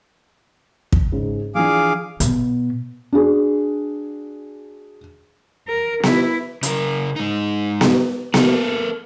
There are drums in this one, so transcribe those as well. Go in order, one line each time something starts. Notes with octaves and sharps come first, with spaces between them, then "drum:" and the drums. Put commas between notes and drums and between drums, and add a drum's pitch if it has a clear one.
drum: kick
G#2 C#3
E3 F3 D4 G#4 F5 D6
B2, drum: hi-hat
D4 F#4 G#4
A#4
E4, drum: snare B3
C#3 A#4, drum: hi-hat
G#3 D#4
drum: snare B3
A#3 A4, drum: snare B3